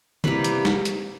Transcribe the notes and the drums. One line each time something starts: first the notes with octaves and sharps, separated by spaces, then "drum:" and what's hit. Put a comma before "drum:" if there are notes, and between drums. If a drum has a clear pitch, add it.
C3 E3 G3 A#3 B4, drum: tom D3
drum: hi-hat
drum: snare
drum: hi-hat